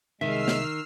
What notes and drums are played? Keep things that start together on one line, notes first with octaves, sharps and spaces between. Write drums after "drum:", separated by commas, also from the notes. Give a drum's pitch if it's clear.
C2 D#3 G#3 E5 E6 F6 C7
drum: snare